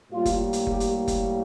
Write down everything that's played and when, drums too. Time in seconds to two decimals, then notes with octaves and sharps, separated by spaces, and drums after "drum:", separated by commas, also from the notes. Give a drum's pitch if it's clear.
0.11 A2 G3 A#3 F4
0.26 drum: kick F#1, hi-hat
0.53 drum: hi-hat
0.67 G4, drum: kick F#1
0.80 drum: hi-hat
1.08 drum: kick F#1, hi-hat